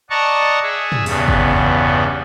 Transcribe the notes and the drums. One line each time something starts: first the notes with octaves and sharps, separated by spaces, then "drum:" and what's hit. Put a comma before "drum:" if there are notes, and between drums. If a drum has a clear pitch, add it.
D5 D#5 F#5 A5 A#5 C#6
G#4 E5
drum: tom
E2 G2 C#3 B3, drum: open hi-hat
drum: kick